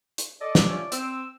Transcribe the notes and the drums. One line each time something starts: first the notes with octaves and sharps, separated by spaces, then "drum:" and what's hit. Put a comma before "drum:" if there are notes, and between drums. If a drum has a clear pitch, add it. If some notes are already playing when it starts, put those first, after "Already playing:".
drum: hi-hat
A4 D5 D#5
drum: snare
F3 A3 C#4
C4 E6, drum: hi-hat